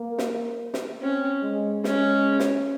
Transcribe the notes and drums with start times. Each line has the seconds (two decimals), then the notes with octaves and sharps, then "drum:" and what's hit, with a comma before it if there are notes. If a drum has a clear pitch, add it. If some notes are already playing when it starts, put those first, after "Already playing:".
Already playing: A#3
0.18 drum: snare
0.74 drum: snare
1.02 C4 C#4
1.43 G#3
1.84 G#3 C#4, drum: snare
2.39 drum: snare